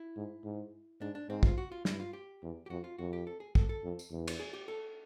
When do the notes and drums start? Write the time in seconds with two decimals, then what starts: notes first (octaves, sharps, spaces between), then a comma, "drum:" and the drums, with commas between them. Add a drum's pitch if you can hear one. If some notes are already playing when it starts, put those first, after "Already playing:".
Already playing: E4
0.17 G#2
0.44 G#2
1.01 G#2 D4
1.15 D4
1.29 G#2 C4
1.43 F4, drum: kick
1.58 F#4
1.72 F4
1.85 G2 E4, drum: snare
2.00 F4
2.13 G4
2.43 E2
2.66 G4
2.70 F2 F#4
2.84 F4
2.98 F2 F#4
3.13 G4
3.27 A4
3.40 G#4
3.55 A4, drum: kick
3.69 A4
3.84 F2
3.99 drum: tambourine
4.11 E2
4.28 drum: cymbal
4.40 G#4
4.53 G4
4.68 A4